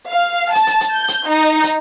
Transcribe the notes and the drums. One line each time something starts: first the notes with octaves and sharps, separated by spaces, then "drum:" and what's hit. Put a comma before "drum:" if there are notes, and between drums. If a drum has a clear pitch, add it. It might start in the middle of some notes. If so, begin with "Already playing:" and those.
F5
A5, drum: hi-hat
drum: hi-hat
drum: hi-hat
G6
drum: hi-hat
D#4
drum: hi-hat